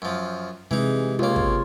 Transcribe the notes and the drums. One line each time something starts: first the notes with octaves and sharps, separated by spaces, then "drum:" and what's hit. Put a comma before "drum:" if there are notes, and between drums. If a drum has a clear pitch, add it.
F#2 F3
C3 E3 G#3 D#4
C#2 A#3 F4 C#5
drum: kick